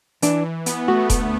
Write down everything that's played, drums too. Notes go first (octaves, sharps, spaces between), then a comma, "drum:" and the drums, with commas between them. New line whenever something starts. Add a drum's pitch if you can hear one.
E3 D4, drum: hi-hat
E3
B3, drum: hi-hat
A3 F#4
D2, drum: kick E1, hi-hat